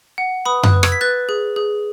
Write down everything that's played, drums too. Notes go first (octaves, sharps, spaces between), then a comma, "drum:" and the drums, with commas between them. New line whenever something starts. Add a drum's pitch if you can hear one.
F#5
B4 B5 D#6
D#6 F#6, drum: tom F#2
B4
E6 G#6, drum: rim click
B6
B4 F#6 A6
G#4
G#4